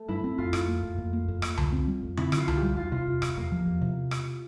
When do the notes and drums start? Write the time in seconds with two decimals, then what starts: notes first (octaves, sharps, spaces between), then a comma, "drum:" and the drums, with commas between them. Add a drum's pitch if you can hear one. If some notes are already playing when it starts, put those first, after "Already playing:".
Already playing: A3
0.08 G2 E4
0.24 C4
0.38 F2 F4
0.53 F2, drum: rim click
0.68 A#3
0.83 F2
0.98 F2
1.13 A#3
1.28 F2
1.42 F2, drum: rim click
1.57 D3, drum: tom C#2
1.72 C4
1.87 G3
2.03 F2
2.17 C4 E4, drum: tom C#3
2.32 D3 F4, drum: rim click
2.48 D3, drum: tom C#2
2.57 G4
2.62 G3
2.77 E2 F4
2.92 C3 F4
3.07 E2
3.22 E2, drum: rim click
3.37 E2 A#3
3.52 F3
3.67 E2
3.81 C3
4.11 drum: rim click